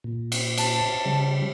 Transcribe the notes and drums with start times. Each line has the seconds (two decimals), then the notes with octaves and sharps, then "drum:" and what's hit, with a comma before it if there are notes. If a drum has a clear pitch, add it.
0.04 A#2
0.32 drum: cymbal
0.57 A5, drum: cymbal
1.05 C#3 G3